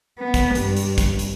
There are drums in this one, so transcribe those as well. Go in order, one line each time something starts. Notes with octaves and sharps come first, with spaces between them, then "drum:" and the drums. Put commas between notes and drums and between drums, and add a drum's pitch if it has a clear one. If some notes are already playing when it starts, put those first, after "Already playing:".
B3
drum: kick, hi-hat
G2, drum: hi-hat
drum: hi-hat
drum: kick, hi-hat
drum: hi-hat